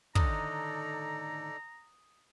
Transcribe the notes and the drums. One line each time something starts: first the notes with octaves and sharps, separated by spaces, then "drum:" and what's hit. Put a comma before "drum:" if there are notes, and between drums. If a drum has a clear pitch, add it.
A2 D3 D#3 D#4 A4 D5 A#5 D#6, drum: kick